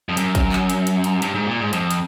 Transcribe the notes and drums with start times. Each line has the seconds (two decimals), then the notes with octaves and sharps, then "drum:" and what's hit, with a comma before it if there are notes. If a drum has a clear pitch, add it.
0.09 F2
0.17 F#2, drum: hi-hat
0.35 drum: kick, hi-hat
0.52 drum: clap
0.70 drum: hi-hat
0.87 drum: hi-hat
1.04 drum: hi-hat
1.22 G2, drum: hi-hat
1.35 G#2
1.47 A#2
1.60 G#2
1.73 F2, drum: hi-hat
1.91 drum: hi-hat